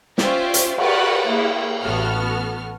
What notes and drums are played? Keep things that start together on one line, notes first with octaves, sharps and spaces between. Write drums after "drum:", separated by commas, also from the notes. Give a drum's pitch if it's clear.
C#4 F4 G4 C5 D5 E5, drum: snare
drum: hi-hat
F#4 G4 A#4 B4 D5 F#5, drum: cymbal
A#3 E4 G#4
A1 B3 F#4 A4 F6